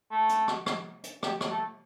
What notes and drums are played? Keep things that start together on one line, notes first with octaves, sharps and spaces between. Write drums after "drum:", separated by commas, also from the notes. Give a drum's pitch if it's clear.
A3
drum: hi-hat
drum: rim click
drum: rim click
drum: hi-hat
G4, drum: rim click
drum: rim click
A3